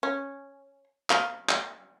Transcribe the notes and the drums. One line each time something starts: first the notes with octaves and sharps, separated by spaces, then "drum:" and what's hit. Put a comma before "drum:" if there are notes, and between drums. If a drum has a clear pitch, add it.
C#4
F5, drum: clap
drum: clap